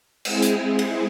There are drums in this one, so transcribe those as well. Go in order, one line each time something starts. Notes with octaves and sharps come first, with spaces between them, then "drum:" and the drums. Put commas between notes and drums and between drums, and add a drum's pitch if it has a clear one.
G#3 C4 E4 G#4, drum: cymbal
drum: hi-hat
drum: cymbal